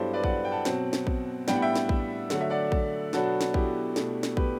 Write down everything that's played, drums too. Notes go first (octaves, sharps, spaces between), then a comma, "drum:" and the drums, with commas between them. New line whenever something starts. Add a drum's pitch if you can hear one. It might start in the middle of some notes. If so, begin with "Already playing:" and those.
Already playing: G2 F#3 B3 D4 E4 G4 A4 C5
B4 D5
D5 F#5, drum: kick
G5
F#5 A5
B2 F#3 C4, drum: snare
drum: snare
drum: kick
A2 G3 B3 D4 G5, drum: snare
F#5
E5 G5
drum: snare
drum: kick
D3 F#3 A3 F#5, drum: snare
E5
D5 F#5
drum: kick
B2 F#3 B3 D4 F#4 A4, drum: snare
drum: snare
E4 G4, drum: kick
B2 A3 D4, drum: snare
drum: snare
G4 B4, drum: kick